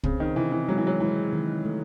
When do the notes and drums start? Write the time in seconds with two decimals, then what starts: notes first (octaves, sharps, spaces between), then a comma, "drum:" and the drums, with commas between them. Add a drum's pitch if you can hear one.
0.04 C#3 C4, drum: kick
0.20 D#3
0.36 C3 E3
0.52 E3
0.68 F#3 G#3
0.78 E3
0.87 F#3
1.00 E3 G#3
1.33 D#3
1.65 A3